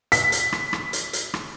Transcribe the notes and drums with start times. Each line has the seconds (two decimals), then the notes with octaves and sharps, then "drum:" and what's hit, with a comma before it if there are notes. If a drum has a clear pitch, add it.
0.12 B6, drum: hi-hat
0.32 drum: hi-hat
0.52 drum: rim click
0.73 drum: rim click
0.93 drum: hi-hat
1.13 drum: hi-hat
1.34 drum: rim click